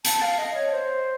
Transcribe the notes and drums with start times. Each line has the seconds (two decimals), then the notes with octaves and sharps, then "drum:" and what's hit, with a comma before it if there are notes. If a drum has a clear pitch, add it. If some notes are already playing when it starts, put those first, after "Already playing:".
0.05 A5, drum: hi-hat
0.22 F5
0.38 D#5
0.55 C#5
0.72 C5